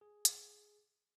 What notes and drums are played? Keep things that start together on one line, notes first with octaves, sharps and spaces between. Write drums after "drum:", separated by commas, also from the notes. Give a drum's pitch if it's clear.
G#4
drum: hi-hat